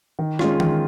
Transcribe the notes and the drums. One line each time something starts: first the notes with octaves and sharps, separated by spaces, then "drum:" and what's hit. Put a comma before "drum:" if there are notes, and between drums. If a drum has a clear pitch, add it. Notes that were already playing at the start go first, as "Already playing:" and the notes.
D#3
G#3 C#4 F4, drum: rim click
D#3, drum: tom E3